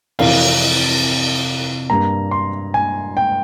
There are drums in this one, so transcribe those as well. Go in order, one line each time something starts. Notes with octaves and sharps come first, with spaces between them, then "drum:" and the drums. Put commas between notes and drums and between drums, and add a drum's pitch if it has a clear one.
F2 C3 E3 F5, drum: cymbal
G2 G3 A#3 A#5
C6
G#5
G5